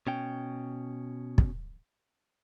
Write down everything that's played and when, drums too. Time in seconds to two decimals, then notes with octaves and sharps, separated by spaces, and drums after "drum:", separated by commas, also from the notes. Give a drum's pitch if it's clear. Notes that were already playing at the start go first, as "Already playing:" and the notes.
0.07 B2 C#4 G5
1.38 drum: kick